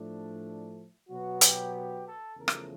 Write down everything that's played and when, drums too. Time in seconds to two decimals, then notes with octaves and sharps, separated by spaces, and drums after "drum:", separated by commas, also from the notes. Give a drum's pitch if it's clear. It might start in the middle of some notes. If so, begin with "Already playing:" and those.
Already playing: A2 F3 A3 D4
1.09 B2 F#3 B3 F#4
1.41 G4, drum: hi-hat
1.73 G4
2.05 A4
2.37 E2 C#3 F3 A3 A#4
2.48 drum: rim click